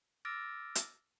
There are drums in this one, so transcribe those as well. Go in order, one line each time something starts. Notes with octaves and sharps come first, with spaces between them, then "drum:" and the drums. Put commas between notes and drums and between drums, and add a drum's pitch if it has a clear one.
D6 E6 F6 A6 A#6 D7
drum: hi-hat